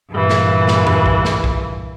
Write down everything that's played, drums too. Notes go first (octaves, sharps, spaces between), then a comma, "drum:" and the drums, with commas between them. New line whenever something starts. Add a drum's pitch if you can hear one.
G2 A#2 E3
drum: snare
drum: snare
drum: tom E2
drum: kick
drum: snare
drum: kick